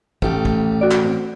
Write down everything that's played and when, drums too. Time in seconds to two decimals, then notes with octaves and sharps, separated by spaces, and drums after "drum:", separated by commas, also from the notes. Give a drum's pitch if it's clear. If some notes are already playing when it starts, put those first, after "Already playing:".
0.22 A1 A3 G4, drum: kick
0.45 drum: kick
0.81 F#4 D5
0.91 drum: clap
1.04 C4